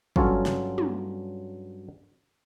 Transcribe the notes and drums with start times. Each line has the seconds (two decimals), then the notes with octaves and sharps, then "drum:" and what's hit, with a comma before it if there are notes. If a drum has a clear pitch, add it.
0.16 G2 F#3 C#4 F4 A4 C#5, drum: kick
0.46 drum: snare
0.78 drum: tom